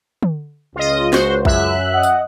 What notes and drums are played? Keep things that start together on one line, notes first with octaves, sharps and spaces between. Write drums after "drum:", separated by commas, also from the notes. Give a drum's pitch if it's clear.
drum: tom
C#2 F4 D#5
F#4 C5, drum: snare
F#2 E5 F#6, drum: kick A#1
D#5 F#5
drum: tambourine